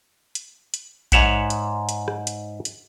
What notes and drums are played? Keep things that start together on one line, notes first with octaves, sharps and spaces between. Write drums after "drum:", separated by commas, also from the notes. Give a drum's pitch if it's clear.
drum: hi-hat
drum: hi-hat
G#2 C#5 E5 F#5, drum: kick A#1, hi-hat
drum: hi-hat
drum: hi-hat
drum: rim click
drum: hi-hat
drum: hi-hat